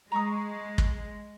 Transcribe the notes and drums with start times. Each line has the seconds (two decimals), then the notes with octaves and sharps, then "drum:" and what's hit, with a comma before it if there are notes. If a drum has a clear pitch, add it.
0.12 G#3 A#5 C#6 D#6
0.78 drum: kick